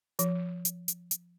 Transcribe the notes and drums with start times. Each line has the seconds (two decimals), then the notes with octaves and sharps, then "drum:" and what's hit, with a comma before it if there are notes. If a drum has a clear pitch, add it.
0.19 F3, drum: hi-hat
0.65 drum: hi-hat
0.88 drum: hi-hat
1.11 drum: hi-hat